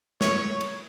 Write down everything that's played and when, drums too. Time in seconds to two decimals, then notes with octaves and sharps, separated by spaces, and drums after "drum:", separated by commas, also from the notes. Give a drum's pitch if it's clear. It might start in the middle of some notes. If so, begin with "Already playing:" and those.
0.21 C#5, drum: snare
0.61 drum: cymbal